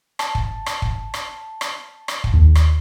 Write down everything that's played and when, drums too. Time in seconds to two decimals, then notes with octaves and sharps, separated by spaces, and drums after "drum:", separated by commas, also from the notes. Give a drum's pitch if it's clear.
0.19 A5, drum: rim click
0.35 drum: kick
0.66 drum: rim click
0.82 drum: kick
1.14 drum: rim click
1.61 drum: rim click
2.08 drum: rim click
2.24 drum: kick
2.33 D#2
2.55 drum: rim click